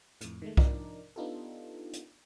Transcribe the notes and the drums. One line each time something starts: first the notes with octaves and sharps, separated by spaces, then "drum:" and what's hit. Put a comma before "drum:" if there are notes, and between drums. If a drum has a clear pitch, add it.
F2 A2, drum: hi-hat
D#3 G#3 A3
F3 D4 D#4 A#4 D5, drum: kick
B3 D4 D#4 F4 G4 A4
drum: hi-hat